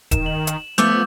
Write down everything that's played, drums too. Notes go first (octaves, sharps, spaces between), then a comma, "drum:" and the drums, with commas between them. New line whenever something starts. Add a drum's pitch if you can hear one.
D#3 E7, drum: kick D#1, hi-hat
F#7
drum: hi-hat
F3 A3 B3 E5 D6 E6 G6